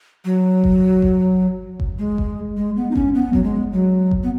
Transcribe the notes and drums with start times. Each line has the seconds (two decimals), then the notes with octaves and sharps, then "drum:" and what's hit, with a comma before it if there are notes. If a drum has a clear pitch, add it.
0.25 F#3
0.64 drum: kick G1
1.02 drum: kick G1
1.80 drum: kick G1
1.99 G#3
2.18 drum: kick G1
2.57 G#3
2.76 B3
2.91 D#4
2.96 C#4, drum: kick G1
3.15 B3
3.33 F#3, drum: kick G1
3.44 G#3
3.73 F#3
4.11 drum: kick G1
4.23 B3